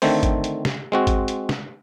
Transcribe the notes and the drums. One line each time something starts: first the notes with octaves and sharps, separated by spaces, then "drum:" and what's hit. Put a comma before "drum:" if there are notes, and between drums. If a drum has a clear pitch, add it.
D3 D#3 A3 C4 C5, drum: open hi-hat
drum: kick G#1, hi-hat
drum: hi-hat
drum: snare
G#3 C4 F#4
drum: kick G#1, hi-hat
drum: hi-hat
drum: snare